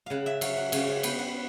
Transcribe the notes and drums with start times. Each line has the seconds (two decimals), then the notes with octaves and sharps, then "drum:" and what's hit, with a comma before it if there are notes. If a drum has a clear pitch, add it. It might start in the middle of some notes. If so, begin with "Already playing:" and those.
0.06 C#3 F5 F#5
0.26 E5
0.41 F#3 F5, drum: cymbal
0.57 F#5
0.72 C#3 F5, drum: cymbal
0.88 F#5
1.03 B3 G5, drum: cymbal
1.19 F#5